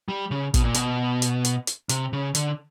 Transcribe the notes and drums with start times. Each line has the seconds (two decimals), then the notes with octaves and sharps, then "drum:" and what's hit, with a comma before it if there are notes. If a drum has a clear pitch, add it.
0.08 G3
0.31 C#3
0.54 B2, drum: kick, hi-hat
0.64 A#2
0.74 B2, drum: hi-hat
1.22 drum: hi-hat
1.45 drum: hi-hat
1.67 drum: hi-hat
1.89 C3, drum: hi-hat
2.13 C#3
2.35 D3, drum: hi-hat